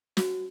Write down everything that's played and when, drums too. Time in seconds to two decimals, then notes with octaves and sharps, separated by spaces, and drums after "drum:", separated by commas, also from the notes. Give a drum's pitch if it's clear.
0.17 F#4, drum: snare